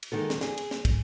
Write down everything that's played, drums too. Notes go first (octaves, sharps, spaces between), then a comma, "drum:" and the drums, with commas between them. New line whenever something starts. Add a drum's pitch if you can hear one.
drum: cymbal
D#3 G#3 A4
drum: snare
G#4, drum: snare
drum: cymbal
drum: snare
G#2, drum: kick, cymbal